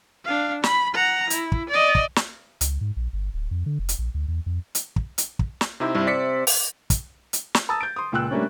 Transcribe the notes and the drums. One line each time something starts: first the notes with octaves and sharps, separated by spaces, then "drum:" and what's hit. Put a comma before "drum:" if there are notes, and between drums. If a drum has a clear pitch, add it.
D4 F5
B5, drum: snare
F#5 A#5
E4, drum: hi-hat
drum: kick
D5 D#5
drum: kick
drum: snare
C#2, drum: hi-hat
G#2
A#1
G1
D1
F2
D3
F1
drum: hi-hat
A#1
D2
E2
F2
drum: hi-hat
drum: kick
drum: hi-hat
drum: kick
drum: snare
C3 D#4 E4 C5 E5 D6
G2 C3 G3 E4
D5 B6 C#7
drum: open hi-hat
drum: kick, hi-hat
drum: hi-hat
drum: snare
A5 A#5 D#6 E6 A6
G6 D7
C6 D#6
C#2 A#2 G5 E6 F#6
G3 A3 A#3 C#4 D4